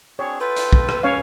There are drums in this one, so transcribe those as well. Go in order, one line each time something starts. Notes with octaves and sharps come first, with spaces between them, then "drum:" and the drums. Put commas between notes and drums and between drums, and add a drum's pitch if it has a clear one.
C4 D4 G#4 C#5
F4 A4 B4 G5
drum: hi-hat
drum: kick
drum: rim click
C#4 C#5 F5